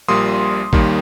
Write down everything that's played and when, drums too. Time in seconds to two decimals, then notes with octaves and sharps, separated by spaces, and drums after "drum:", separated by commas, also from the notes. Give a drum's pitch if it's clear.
0.08 A#1 A#2 G3 A#3 C6 D#6
0.73 D#2 D#3 G3 A#3, drum: kick A1